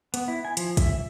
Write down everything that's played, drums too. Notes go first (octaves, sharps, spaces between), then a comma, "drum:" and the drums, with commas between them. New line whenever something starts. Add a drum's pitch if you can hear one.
B3, drum: hi-hat
E4
G#5
F3, drum: hi-hat
E5, drum: kick, hi-hat